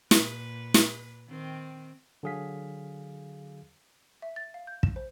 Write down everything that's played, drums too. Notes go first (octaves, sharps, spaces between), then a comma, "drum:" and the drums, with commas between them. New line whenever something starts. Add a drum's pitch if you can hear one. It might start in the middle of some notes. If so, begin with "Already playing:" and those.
A#2 B4, drum: snare
drum: snare
D#3 C4
D3 F#3 G#4 F5 B6
E5
A6
F5
G6
E7, drum: kick
C5